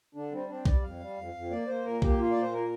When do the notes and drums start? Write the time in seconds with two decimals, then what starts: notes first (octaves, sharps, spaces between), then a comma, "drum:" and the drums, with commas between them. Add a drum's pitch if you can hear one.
0.15 D3 D4
0.32 G3 C4
0.48 C4 D4
0.65 G3 D5, drum: kick
0.82 F2 F5
1.00 G3
1.17 F2
1.34 F2
1.51 A#3 D5
1.67 A#3 C5
1.85 A#2 A#4
2.02 A#3 G4, drum: kick
2.19 A#2 F4
2.30 D5
2.36 A#2
2.42 C5
2.52 A#3 A#4